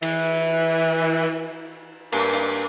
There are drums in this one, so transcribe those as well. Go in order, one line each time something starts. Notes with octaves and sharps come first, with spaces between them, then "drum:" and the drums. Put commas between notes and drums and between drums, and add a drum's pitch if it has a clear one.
E3, drum: cymbal
G2 A#3 B4, drum: cymbal
drum: hi-hat